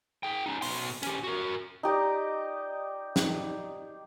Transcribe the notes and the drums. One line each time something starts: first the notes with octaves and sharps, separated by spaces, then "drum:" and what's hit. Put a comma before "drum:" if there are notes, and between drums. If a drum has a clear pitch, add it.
G#4 G5
C#4 D#4
B2 C6, drum: open hi-hat
C#4 G4, drum: hi-hat
F#4 A#4
D#4 G4 D5 D#5
drum: snare